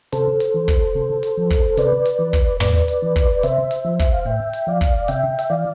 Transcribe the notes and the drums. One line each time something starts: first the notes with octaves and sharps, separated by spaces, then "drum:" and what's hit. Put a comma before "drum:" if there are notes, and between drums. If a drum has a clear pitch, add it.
C3 A4 C5, drum: hi-hat
drum: hi-hat
E3
drum: kick, hi-hat
C3
drum: hi-hat
F3
drum: kick, open hi-hat
C3 B4 D5, drum: hi-hat
drum: hi-hat
E3
drum: kick, hi-hat
A2 B4 D5, drum: tom
drum: hi-hat
E3
drum: kick
C3 C5 E5, drum: hi-hat
drum: hi-hat
F3
E5, drum: kick, hi-hat
F5
A2 E5 G5
drum: hi-hat
F3 D5 F5
drum: kick, open hi-hat
C3 E5 G5, drum: hi-hat
E5, drum: hi-hat
E3 D5 F5